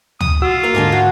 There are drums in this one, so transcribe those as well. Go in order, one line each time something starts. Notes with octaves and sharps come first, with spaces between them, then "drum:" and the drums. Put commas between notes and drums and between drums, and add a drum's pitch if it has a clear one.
D#6, drum: tom
F4 F#4 E6
A#3 F5
G#2 D3 D#5 G#5 A5
F#4